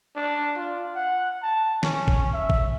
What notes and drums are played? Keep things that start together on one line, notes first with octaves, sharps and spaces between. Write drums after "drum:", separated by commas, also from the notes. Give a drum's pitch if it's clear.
D4
F4
F#5
A5
C#4, drum: snare
drum: kick
E5
drum: kick